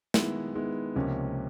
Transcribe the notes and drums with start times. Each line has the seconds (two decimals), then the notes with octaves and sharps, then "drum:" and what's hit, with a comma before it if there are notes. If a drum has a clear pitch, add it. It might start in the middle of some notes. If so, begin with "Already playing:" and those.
0.14 D#3 G#3 B3 E4, drum: snare
0.55 D#3 G#3 B3 E4
0.96 C#2 C3 F3 A#3 C#4